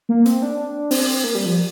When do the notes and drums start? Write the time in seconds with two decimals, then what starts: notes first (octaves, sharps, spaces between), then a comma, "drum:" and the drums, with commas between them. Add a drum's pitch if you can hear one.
0.09 A#3
0.26 C4, drum: hi-hat
0.42 D4
0.91 C4, drum: open hi-hat
1.24 A#3
1.35 G3
1.46 F3